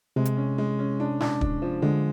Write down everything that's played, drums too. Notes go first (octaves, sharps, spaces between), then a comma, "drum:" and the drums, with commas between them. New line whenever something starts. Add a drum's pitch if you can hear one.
C3 G#3
drum: hi-hat
C#4
G#3
C#4
D4
D4, drum: snare
D4, drum: kick
F3
D3 G#3